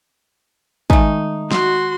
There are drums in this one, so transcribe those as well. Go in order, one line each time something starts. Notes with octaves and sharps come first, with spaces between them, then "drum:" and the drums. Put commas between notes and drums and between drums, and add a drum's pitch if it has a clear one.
D#3 G#3 A3 D#4 G#5, drum: kick
F#4 C6, drum: snare